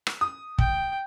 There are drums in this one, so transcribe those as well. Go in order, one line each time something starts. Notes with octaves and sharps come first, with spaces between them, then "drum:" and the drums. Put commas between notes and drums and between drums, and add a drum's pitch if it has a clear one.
drum: rim click
D#6
G5, drum: kick